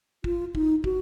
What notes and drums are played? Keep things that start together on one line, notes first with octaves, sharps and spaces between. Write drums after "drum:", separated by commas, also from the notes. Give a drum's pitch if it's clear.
F4, drum: kick
D#4, drum: kick
F#4, drum: kick